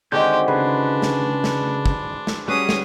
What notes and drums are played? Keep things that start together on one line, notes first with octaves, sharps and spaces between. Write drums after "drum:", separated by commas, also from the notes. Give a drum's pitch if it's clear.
D3 D#3 G#3 C4 F#4 G4 F#6 G6
C#3 D4 G#4 B4
drum: snare
drum: snare
drum: kick
drum: snare
G3 C#4 F#4 G#4 B4 D#6
drum: snare